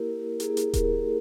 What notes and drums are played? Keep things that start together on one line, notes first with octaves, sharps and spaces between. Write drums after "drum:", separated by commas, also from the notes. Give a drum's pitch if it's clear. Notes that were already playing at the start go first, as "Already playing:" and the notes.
Already playing: A#3 E4 G4 A#4
A#3 E4 G#4, drum: hi-hat
drum: hi-hat
G4 A#4, drum: kick D#1, hi-hat